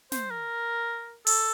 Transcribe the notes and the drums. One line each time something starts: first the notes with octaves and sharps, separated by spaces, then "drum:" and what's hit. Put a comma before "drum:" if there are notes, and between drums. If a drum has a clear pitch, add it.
C5, drum: snare
A#4
A4, drum: open hi-hat